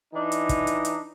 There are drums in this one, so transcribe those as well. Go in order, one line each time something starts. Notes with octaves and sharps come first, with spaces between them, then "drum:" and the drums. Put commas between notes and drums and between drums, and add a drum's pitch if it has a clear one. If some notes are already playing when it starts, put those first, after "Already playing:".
E3 D4 D#4
drum: hi-hat
drum: kick, hi-hat
drum: hi-hat
drum: hi-hat